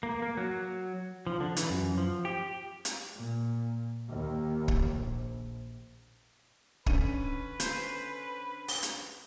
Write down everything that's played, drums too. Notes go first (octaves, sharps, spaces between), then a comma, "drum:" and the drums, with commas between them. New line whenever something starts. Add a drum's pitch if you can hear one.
A#3
A#3
F#3
F3
D3
E3, drum: hi-hat
F#2
F3
G4
drum: hi-hat
A#2
D#2 D#3
drum: kick
A#1
D3 C#4 B4 D#7, drum: kick
C5, drum: hi-hat
drum: open hi-hat
drum: hi-hat